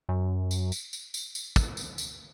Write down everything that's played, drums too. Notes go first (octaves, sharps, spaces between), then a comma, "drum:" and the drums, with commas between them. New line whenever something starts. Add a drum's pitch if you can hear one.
F#2
drum: tambourine
drum: tambourine
drum: tambourine
drum: tambourine
drum: tambourine
drum: kick, tambourine
drum: tambourine
drum: tambourine